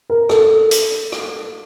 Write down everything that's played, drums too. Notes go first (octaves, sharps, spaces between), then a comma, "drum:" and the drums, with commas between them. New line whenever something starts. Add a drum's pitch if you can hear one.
A#4
A4, drum: rim click
drum: hi-hat
drum: rim click